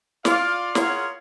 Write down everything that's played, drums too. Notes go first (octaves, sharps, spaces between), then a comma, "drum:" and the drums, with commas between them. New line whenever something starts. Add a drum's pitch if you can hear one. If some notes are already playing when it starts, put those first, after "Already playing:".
F4 D5 F5, drum: snare
F4 G#4 A#4 C#5 F5 F#5, drum: snare